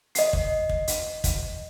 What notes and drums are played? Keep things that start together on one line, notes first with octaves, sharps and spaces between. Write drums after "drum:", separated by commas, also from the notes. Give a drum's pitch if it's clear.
D#5 C7, drum: hi-hat
drum: kick
drum: kick
drum: hi-hat
drum: kick, hi-hat